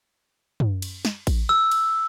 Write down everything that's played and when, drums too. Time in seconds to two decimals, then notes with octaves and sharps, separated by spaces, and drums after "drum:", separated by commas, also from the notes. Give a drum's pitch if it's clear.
0.60 drum: tom
0.82 drum: cymbal
1.05 drum: snare
1.27 drum: kick A1, cymbal
1.49 E6
1.72 drum: cymbal